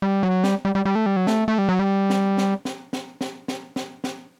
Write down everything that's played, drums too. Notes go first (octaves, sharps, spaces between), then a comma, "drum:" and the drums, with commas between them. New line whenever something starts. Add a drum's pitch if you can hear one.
G3
F#3
G3, drum: snare
G3
G3
G3
A3
G3
F#3
A3, drum: snare
A3
G3
F#3
G3
drum: snare
drum: snare
drum: snare
drum: snare
drum: snare
drum: snare
drum: snare
drum: snare